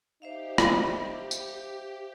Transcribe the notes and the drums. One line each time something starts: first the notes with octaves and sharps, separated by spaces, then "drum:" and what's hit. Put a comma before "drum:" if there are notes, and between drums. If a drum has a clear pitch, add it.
D#4 G4 C5 E5 F5
drum: rim click
drum: tambourine